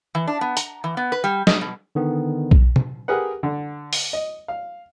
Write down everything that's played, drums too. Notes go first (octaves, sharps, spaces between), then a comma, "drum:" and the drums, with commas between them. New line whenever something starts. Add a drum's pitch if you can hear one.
E3
D4
B3
A#5, drum: hi-hat
E3
B3
B4
G3
D#5, drum: snare
B2
D3 D#3 B3
drum: kick B1
drum: tom
G4 G#4 A#4 B4 F#5
D3
drum: open hi-hat
D#5
F5